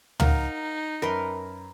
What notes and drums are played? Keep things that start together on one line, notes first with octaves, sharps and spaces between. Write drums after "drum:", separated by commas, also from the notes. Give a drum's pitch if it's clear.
D#4 A#4 F5 F#5, drum: tom
F#2 A#4 B4 C6